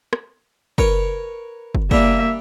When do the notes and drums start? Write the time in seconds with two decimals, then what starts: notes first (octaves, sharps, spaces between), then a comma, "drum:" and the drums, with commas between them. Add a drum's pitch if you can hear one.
0.13 drum: rim click
0.78 A#4 B4 C#5, drum: kick
1.75 drum: kick
1.91 G3 A#3 D4 E5, drum: kick